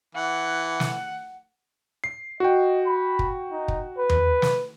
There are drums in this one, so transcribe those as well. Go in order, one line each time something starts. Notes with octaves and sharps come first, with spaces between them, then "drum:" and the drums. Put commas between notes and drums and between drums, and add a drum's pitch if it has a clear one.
E3 F#5
drum: snare
C7
F#4 D#5 G5
B5
drum: kick
D#4
drum: kick
B4
drum: tom E2
drum: snare